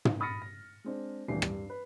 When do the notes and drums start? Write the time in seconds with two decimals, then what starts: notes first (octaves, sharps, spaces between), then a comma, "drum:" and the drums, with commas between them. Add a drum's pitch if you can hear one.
0.05 drum: tom
0.20 B5 D#6 F6 A6 A#6 C#7
0.42 A#6
0.84 G#3 C4 D4
1.28 D#1 A2 E3 D4 C7
1.42 G2, drum: rim click
1.70 B4